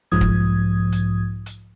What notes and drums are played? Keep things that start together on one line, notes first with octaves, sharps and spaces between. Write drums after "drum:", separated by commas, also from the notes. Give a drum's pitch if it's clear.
B1 G#2 F3 D#6 G#6
drum: kick
drum: hi-hat
drum: hi-hat